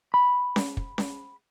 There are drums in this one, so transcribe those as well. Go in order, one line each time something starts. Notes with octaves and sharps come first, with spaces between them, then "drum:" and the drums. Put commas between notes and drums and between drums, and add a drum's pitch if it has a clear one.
B5
drum: snare C#4
drum: kick
drum: snare C#4